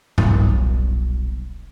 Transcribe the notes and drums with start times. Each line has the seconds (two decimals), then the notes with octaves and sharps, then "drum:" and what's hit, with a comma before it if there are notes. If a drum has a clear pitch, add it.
0.18 D#1 B1, drum: tom G2